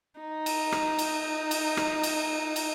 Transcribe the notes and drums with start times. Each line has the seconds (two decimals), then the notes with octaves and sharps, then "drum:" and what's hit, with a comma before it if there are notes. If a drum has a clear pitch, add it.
0.20 D#4
0.46 drum: cymbal
0.72 drum: rim click
0.99 drum: cymbal
1.51 drum: cymbal
1.77 drum: rim click
2.03 drum: cymbal
2.56 drum: cymbal